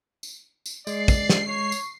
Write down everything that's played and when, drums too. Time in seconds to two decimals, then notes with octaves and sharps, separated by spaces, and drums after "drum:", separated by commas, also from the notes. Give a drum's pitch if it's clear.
0.23 drum: tambourine
0.66 drum: tambourine
0.87 G#3 D5 C7, drum: tambourine
1.08 drum: kick, tambourine
1.30 drum: snare
1.48 C#5 C#6
1.72 drum: tambourine